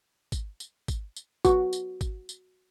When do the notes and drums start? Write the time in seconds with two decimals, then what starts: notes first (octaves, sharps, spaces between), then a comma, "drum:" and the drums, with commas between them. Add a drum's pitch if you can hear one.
0.32 drum: kick, tambourine
0.60 drum: tambourine
0.88 drum: kick, tambourine
1.16 drum: tambourine
1.45 F#4, drum: kick, tambourine
1.73 drum: tambourine
2.01 drum: kick, tambourine
2.29 drum: tambourine